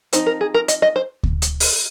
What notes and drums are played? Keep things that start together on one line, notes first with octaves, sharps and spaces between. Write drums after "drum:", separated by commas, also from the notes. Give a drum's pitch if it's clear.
F3 C4 D#4 C5, drum: hi-hat
A#4
G#4
A#4
D#5, drum: hi-hat
D#5
C5
drum: kick D2
drum: hi-hat
drum: open hi-hat